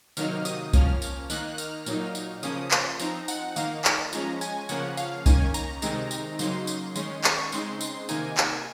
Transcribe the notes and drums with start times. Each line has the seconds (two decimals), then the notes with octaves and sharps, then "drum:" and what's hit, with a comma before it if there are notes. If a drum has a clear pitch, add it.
0.17 C3 D#3 F#3 A#3 D#4 F6, drum: tambourine
0.45 D#6, drum: tambourine
0.73 F3 A#3 C#4 F6, drum: kick C2, tambourine
1.02 drum: tambourine
1.30 D#3 A#3 D#4 F#6, drum: tambourine
1.58 F6, drum: tambourine
1.86 A#2 F#3 A#3 D#4, drum: tambourine
2.15 drum: tambourine
2.43 C#3 F3 A#3 C#4 D#6, drum: tambourine
2.71 C6, drum: clap
2.99 F3 C4 D#4 A#5, drum: tambourine
3.28 F#5, drum: tambourine
3.56 D#3 A#3 D#4 F5, drum: tambourine
3.85 drum: clap
4.13 F3 G#3 C#4 A#5, drum: tambourine
4.41 G#5, drum: tambourine
4.69 C#3 F3 A#3 C#4 F#5, drum: tambourine
4.97 F5, drum: tambourine
5.26 D#3 A#3 C#4 G#5, drum: kick C2, tambourine
5.54 A#5, drum: tambourine
5.82 C3 D#3 G#3 C4 D#4, drum: tambourine
6.11 drum: tambourine
6.39 C#3 F#3 A#3 D#4 C6, drum: tambourine
6.67 drum: tambourine
6.96 D#3 G#3 C#4 C6, drum: tambourine
7.24 C#6, drum: clap
7.52 C#3 G#3 C4 D#4 C6, drum: tambourine
7.81 C6, drum: tambourine
8.09 C3 D#3 A#3 D#4 G#5, drum: tambourine
8.37 G#5, drum: clap